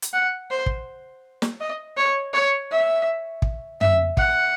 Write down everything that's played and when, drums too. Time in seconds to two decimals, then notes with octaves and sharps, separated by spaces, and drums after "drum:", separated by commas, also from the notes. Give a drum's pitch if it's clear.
0.02 drum: hi-hat
0.13 F#5
0.50 C5
0.66 drum: kick
1.42 drum: snare
1.60 D#5
1.97 C#5
2.33 C#5
2.71 E5
3.42 drum: kick
3.81 E5, drum: tom
4.17 F#5, drum: kick